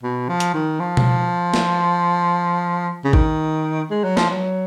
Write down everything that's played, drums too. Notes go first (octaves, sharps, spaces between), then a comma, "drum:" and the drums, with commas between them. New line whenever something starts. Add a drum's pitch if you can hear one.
B2
F3
drum: hi-hat
D#3
F3
drum: tom B2
drum: snare
C#3
D#3, drum: kick G#1
G#3
F#3
F3, drum: snare
F#3